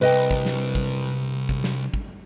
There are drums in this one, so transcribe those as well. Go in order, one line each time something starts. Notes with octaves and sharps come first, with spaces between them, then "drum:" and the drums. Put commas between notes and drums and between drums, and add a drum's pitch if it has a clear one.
C2 B4 D#5 G5
drum: kick
drum: snare
drum: kick
drum: kick
drum: snare
drum: kick